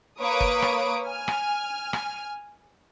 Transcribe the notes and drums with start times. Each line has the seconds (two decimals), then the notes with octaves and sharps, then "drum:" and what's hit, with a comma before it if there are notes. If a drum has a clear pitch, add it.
0.21 A#3 B4 C#5 D#6 D7
0.40 drum: kick
0.62 drum: rim click
1.06 G#5 F6
1.28 drum: rim click
1.93 drum: rim click